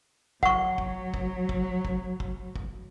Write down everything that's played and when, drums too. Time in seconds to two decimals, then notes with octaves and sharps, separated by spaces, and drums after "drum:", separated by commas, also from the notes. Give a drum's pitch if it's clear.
0.43 F#3 F#5 C#6, drum: kick
0.78 drum: kick
1.14 drum: kick
1.49 drum: kick
1.85 drum: kick
2.20 drum: kick
2.56 drum: kick